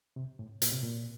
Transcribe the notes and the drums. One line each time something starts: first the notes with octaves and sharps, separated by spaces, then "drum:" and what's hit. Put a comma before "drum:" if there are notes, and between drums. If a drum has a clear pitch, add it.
C3
A2
A#2, drum: hi-hat
C3
A#2